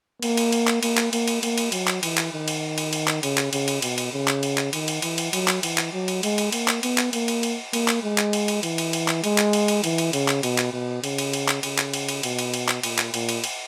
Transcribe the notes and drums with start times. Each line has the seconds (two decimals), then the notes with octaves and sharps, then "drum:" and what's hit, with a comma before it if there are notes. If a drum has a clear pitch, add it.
0.22 A#3, drum: cymbal
0.37 drum: cymbal
0.52 drum: cymbal
0.67 drum: clap
0.83 A#3, drum: cymbal
0.97 drum: clap
1.13 A#3, drum: cymbal
1.28 drum: cymbal
1.43 A#3, drum: cymbal
1.58 drum: cymbal
1.72 F#3, drum: cymbal
1.88 drum: clap
2.03 E3, drum: cymbal
2.18 drum: clap
2.33 D#3
2.48 drum: cymbal
2.78 drum: cymbal
2.93 drum: cymbal
3.08 drum: clap
3.23 C#3, drum: cymbal
3.38 drum: clap
3.53 C#3, drum: cymbal
3.68 drum: cymbal
3.82 B2, drum: cymbal
3.98 drum: cymbal
4.13 C#3
4.28 drum: clap
4.43 drum: cymbal
4.58 drum: clap
4.73 D#3, drum: cymbal
4.88 drum: cymbal
5.02 E3, drum: cymbal
5.18 drum: cymbal
5.33 F#3, drum: cymbal
5.48 drum: clap
5.63 E3, drum: cymbal
5.78 drum: clap
5.93 F#3
6.08 drum: cymbal
6.23 G#3, drum: cymbal
6.38 drum: cymbal
6.52 A#3, drum: cymbal
6.68 drum: clap
6.83 B3, drum: cymbal
6.98 drum: clap
7.13 A#3, drum: cymbal
7.28 drum: cymbal
7.43 drum: cymbal
7.73 A#3, drum: cymbal
7.88 drum: clap
8.03 G#3
8.18 drum: clap
8.33 drum: cymbal
8.48 drum: cymbal
8.63 E3, drum: cymbal
8.78 drum: cymbal
8.93 drum: cymbal
9.08 drum: clap
9.24 G#3, drum: cymbal
9.38 drum: clap
9.53 drum: cymbal
9.68 drum: cymbal
9.84 E3, drum: cymbal
9.98 drum: cymbal
10.13 C#3, drum: cymbal
10.28 drum: clap
10.43 B2, drum: cymbal
10.58 drum: clap
10.73 B2
11.04 C#3, drum: cymbal
11.18 drum: cymbal
11.33 drum: cymbal
11.48 drum: clap
11.63 C#3, drum: cymbal
11.79 drum: clap
11.94 drum: cymbal
12.09 drum: cymbal
12.23 B2, drum: cymbal
12.39 drum: cymbal
12.54 drum: cymbal
12.69 drum: clap
12.83 A#2, drum: cymbal
12.99 drum: clap
13.14 A#2, drum: cymbal
13.29 drum: cymbal
13.44 drum: cymbal